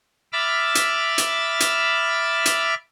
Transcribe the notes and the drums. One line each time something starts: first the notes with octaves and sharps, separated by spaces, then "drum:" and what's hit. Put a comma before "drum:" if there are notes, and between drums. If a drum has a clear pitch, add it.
E5 B5 D6 E6 F6 A6
drum: hi-hat
drum: hi-hat
drum: hi-hat
drum: hi-hat